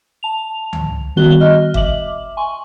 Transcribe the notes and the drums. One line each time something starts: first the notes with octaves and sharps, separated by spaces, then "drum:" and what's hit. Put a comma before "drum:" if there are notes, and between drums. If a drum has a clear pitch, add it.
A5 F7
drum: tom C#2
D#3 G3 B3 F#4 F#6 G7
D#5 F6
E5 D6 F#7, drum: kick F#1
G#5 C6 C#6